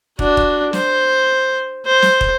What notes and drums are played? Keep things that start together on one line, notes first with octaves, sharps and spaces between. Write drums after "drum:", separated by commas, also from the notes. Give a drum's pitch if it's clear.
D4 F#4, drum: kick
drum: kick
C5, drum: snare
C5
drum: snare
drum: kick